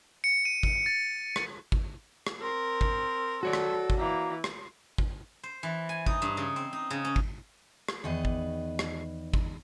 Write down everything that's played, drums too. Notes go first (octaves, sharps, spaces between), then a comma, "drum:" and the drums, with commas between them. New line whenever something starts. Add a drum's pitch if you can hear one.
C#7
D#7
drum: kick
A6
drum: rim click
drum: kick
drum: rim click
C4 A#4
drum: kick
F#4 A4 C#5 D5
drum: rim click
drum: kick
E3 A#3
drum: rim click
drum: kick
C5
E3
G#5
D#4, drum: kick
G2
C#3
C4
D#4
C#3
C#4
drum: kick
drum: rim click
E2 D#3 B4 D#5
drum: kick
drum: rim click
drum: kick